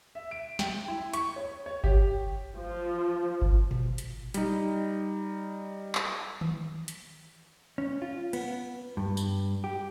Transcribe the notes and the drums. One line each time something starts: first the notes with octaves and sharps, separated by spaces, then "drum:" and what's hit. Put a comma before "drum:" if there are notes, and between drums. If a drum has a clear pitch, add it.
E5
D7
G5, drum: snare
E4
C#6, drum: hi-hat
C#5
C#5
G4, drum: kick G1
F3
drum: kick G1
drum: tom A#2
drum: hi-hat
G3 D#4, drum: hi-hat
drum: clap
drum: tom D#3
drum: hi-hat
C#4
F4
B3, drum: cymbal
G2
drum: tambourine
G4